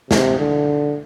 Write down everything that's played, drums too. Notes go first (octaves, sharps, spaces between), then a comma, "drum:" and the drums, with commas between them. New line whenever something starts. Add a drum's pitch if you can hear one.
C3, drum: snare
D3